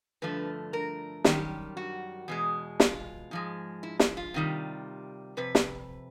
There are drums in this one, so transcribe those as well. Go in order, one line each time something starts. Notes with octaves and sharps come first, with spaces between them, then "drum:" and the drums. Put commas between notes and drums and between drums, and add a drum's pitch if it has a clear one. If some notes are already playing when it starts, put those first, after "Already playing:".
G2 D3 F3 A3 B4
A#4
F#2 D#3 G3 G4, drum: snare
F#4
E2 B2 G#3
F4, drum: snare
G#2 F3 G#3
E4
E4, drum: snare
F4
C3 D#3 G3
F2 C3 B4
drum: snare